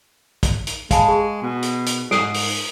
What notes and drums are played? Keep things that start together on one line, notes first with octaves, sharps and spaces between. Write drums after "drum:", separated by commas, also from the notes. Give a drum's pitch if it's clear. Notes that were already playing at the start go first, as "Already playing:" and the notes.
drum: kick, hi-hat
drum: hi-hat
G#3 F5 A5 B5, drum: kick, hi-hat
G#4
B2
drum: hi-hat
drum: hi-hat
G#2 D#6 C7 D7, drum: snare
drum: open hi-hat